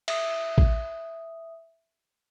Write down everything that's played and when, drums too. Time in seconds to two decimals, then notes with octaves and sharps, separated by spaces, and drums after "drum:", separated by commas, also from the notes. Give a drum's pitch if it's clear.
0.08 E5 D#6, drum: cymbal
0.58 drum: kick A1